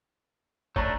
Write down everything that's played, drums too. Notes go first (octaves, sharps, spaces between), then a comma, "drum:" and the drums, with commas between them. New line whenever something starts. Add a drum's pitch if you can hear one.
A3 D4 C#5 A#5 B5, drum: kick